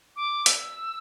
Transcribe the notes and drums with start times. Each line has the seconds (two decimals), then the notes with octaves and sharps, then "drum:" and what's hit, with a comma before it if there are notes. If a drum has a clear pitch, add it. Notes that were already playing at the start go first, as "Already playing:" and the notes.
0.16 D6
0.46 E6, drum: hi-hat